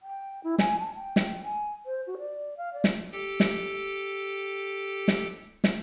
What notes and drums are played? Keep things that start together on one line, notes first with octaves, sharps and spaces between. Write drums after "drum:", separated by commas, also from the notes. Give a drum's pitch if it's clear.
G5
E4
G#5, drum: snare
A5
G5
drum: snare
G#5
C5
F#4
D5
F5
D5
drum: snare
G4 A4 G5
drum: snare
drum: snare
drum: snare